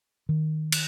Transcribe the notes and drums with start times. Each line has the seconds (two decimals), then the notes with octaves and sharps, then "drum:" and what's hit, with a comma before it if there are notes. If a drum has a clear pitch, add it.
0.29 D#3
0.72 drum: cymbal